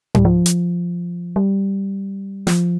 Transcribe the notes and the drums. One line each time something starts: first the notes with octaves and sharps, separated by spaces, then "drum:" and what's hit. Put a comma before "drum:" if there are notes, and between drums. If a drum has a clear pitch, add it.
G3, drum: tom G#2
F3
drum: hi-hat
G3
F3, drum: snare